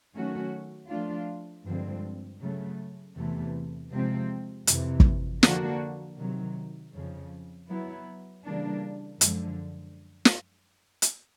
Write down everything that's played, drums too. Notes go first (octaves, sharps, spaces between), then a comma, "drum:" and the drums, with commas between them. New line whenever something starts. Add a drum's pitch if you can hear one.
D#3 F#3 A3 C#4 F#4
F3 A3 D4 F4
G2 D3 F3 G#3 C4
C#3 F#3 A3
E2 C3 E3 A3
C3 F3 G#3 C4
F2 C3 E3, drum: hi-hat
drum: kick
D3 F3 A#3 D4 F#4, drum: snare
C3 D#3 F#3
F2 C#3 F3
F#3 B3 E4
C#3 E3 G3 A#3 D4
F#2 D3 F3 G#3, drum: hi-hat
drum: snare
drum: hi-hat